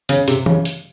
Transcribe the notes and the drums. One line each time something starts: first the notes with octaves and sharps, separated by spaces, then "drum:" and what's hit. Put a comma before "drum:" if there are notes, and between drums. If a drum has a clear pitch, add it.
C#3, drum: hi-hat
C3, drum: hi-hat
C#3, drum: tom
drum: hi-hat